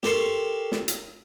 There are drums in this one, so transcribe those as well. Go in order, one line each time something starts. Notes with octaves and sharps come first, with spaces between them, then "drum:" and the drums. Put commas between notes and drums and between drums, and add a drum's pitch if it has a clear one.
G4 A4 A#4 C6 C#6, drum: snare
drum: snare
drum: hi-hat